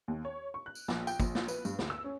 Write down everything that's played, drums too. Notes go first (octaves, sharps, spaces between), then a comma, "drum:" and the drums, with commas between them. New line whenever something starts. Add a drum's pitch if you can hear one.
D#2
C#5
C#6
F#6
drum: tambourine
A#1, drum: snare
G5, drum: tambourine
A#1, drum: kick, tambourine
drum: snare
B4, drum: tambourine
G2, drum: tambourine
D2, drum: snare
E6
C#4